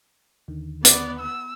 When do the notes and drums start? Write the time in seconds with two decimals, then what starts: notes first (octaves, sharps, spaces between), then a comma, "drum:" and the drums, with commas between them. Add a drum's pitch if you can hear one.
0.48 D#2 D3 D#3
0.85 B3 D5, drum: hi-hat
1.20 E6